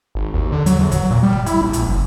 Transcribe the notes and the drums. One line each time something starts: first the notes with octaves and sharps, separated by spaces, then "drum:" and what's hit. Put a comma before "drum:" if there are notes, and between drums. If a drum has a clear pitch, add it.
G#1
D#2
D3
F#3, drum: hi-hat
E2
F#3, drum: kick, hi-hat
A#2
G3
drum: kick
E4, drum: hi-hat
A#1
drum: hi-hat
F#1